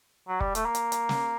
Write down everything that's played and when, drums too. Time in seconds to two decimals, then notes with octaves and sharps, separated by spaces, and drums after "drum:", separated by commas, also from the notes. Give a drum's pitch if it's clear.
0.28 F#3
0.40 G3, drum: kick
0.55 A3, drum: hi-hat
0.65 A#3
0.75 drum: hi-hat
0.92 drum: hi-hat
1.09 drum: snare